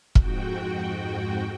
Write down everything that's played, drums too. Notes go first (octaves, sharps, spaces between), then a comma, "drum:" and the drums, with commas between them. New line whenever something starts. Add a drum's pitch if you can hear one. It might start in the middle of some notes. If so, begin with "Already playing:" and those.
F2 G#2 F#4 G5, drum: kick